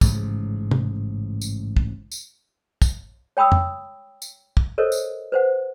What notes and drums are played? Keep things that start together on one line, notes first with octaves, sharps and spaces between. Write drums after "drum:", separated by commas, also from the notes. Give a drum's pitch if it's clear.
A1 G#2 C#3 F3, drum: kick, tambourine
drum: tom
drum: tambourine
drum: kick
drum: tambourine
drum: kick, tambourine
C#5 G5 B5 D#6 E6
drum: tom F2
drum: tambourine
drum: kick
A4 A#4 C5 C#5 D#5
drum: tambourine
B4 C5 F#5